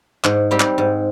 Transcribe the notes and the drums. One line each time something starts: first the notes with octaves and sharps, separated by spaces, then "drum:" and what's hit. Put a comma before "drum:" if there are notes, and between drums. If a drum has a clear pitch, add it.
G#2, drum: clap
G3 C4 G4
drum: clap
G#2